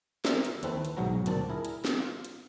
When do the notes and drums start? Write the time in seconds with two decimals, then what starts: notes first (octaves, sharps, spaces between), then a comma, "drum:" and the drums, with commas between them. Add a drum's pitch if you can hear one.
0.25 A#4 C5 D5 E5, drum: snare
0.45 drum: hi-hat
0.63 D#2 E3 C4 A4 B4, drum: hi-hat
0.85 drum: hi-hat
0.97 B1 G#2 F#3 F#4 A#5
1.26 D2 A#2 C4 D4 A5, drum: hi-hat
1.50 E4 G#4 A#4
1.65 drum: hi-hat
1.85 drum: snare
2.00 F4
2.25 drum: hi-hat